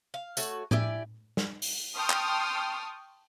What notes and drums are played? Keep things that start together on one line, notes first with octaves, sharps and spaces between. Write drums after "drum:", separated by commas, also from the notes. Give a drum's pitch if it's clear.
F5
A3 F#4 C#5, drum: tambourine
E4 G4 D5 G#5, drum: tom A2
drum: snare
drum: open hi-hat
G5 A5 C6 C#6 D#6 F6
drum: clap